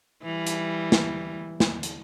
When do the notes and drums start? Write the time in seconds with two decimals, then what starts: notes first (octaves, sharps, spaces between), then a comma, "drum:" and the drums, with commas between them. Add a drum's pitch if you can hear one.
0.24 E3 G3
0.47 drum: hi-hat
0.92 drum: snare
1.60 drum: snare
1.83 drum: hi-hat